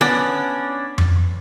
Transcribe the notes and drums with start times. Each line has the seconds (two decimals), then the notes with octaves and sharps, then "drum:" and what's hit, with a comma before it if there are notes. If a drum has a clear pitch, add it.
0.01 B3 C#4 D4 D5
0.98 drum: tom F2